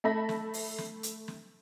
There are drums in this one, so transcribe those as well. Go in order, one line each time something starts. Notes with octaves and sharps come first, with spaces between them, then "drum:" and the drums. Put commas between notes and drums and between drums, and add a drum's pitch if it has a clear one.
A3 A4 E5 B5 A#6 B6
drum: snare
drum: open hi-hat
drum: snare
drum: hi-hat
drum: snare